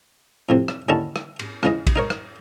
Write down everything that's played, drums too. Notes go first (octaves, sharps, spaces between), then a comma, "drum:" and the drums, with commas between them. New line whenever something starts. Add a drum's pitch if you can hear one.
F2 A2 C3
drum: rim click
D#2 D3 D#3 C#4 E4 A5
drum: rim click
drum: cymbal
C#2 C#3 E3 D#5, drum: rim click
drum: kick A#1, cymbal
D#4 A#4 C#5
drum: rim click